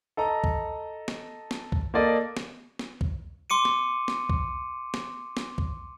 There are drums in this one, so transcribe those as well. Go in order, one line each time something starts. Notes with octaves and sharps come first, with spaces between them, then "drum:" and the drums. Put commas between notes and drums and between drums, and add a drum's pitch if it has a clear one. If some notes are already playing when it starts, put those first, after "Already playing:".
A4 D#5 A#5
drum: kick C2
drum: snare
drum: snare
drum: kick C2
A#3 A4 D5 D#5
drum: snare
drum: snare
drum: kick C2
C6 D6 C#7 D#7
drum: snare
drum: snare
drum: kick C2
drum: snare
drum: snare
drum: kick C2